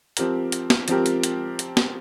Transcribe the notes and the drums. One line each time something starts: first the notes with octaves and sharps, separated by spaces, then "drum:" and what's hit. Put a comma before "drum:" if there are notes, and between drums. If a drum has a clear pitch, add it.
F3 C4 G4 A#4, drum: hi-hat
drum: hi-hat
drum: snare
F3 C4 G4 A#4, drum: hi-hat
drum: hi-hat
drum: hi-hat
drum: hi-hat
drum: snare